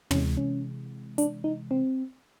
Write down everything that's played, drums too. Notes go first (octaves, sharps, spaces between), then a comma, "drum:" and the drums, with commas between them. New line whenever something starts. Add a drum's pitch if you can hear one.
C3 E3 G#3 C#4, drum: tom
C#4
D4, drum: hi-hat
D#4
C4